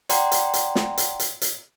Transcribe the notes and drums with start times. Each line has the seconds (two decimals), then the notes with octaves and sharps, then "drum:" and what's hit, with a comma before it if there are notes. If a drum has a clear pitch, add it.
0.09 D5 F#5 G5 A#5 C6, drum: hi-hat
0.31 drum: hi-hat
0.53 drum: hi-hat
0.75 drum: snare
0.97 drum: hi-hat
1.19 drum: hi-hat
1.41 drum: hi-hat